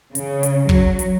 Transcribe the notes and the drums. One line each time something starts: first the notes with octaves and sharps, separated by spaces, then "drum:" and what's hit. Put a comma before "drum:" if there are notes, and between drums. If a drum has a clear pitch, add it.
C#3, drum: hi-hat
drum: hi-hat
F#3, drum: kick
drum: hi-hat